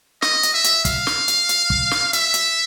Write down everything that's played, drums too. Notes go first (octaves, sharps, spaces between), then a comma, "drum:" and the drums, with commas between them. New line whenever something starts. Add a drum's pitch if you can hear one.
D#5, drum: snare
drum: hi-hat
E5
drum: hi-hat
F5, drum: kick, hi-hat
drum: snare
drum: hi-hat
drum: hi-hat
drum: kick
drum: snare
E5, drum: hi-hat
drum: hi-hat